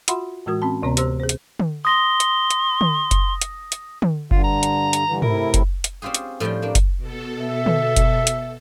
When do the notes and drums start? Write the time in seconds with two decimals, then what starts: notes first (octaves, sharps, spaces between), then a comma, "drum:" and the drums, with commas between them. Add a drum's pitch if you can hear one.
0.08 F4 F#4 E5 F#5 B5 C6, drum: hi-hat
0.46 A2 E3 G#3 F#4 A#4 D#6
0.62 C4 C#4 A5
0.83 D2 C3 B3 C#5 A#5
0.97 G4 C5 C6 E6, drum: hi-hat
1.20 G#4 C5
1.29 drum: hi-hat
1.59 drum: tom
1.85 C6 D#6 A#6
2.20 drum: hi-hat
2.50 drum: hi-hat
2.81 drum: tom
3.11 drum: kick F#1, hi-hat
3.41 drum: hi-hat
3.72 drum: hi-hat
4.02 drum: tom
4.31 G2 D3 F4, drum: kick F#1
4.44 A#5
4.63 drum: hi-hat
4.93 drum: hi-hat
5.07 G2 D3 E3
5.22 A2 C3 E4 A#4, drum: tom
5.54 drum: kick F#1, hi-hat
5.84 drum: hi-hat
6.02 C4 C#4 F4 G4 G#4
6.14 drum: hi-hat
6.40 A2 F3 G3 F4 G5
6.62 A#3 D4
6.75 drum: kick F#1, hi-hat
6.97 B2 A4
7.41 E5
7.66 drum: tom
7.96 drum: kick F#1, hi-hat
8.27 drum: hi-hat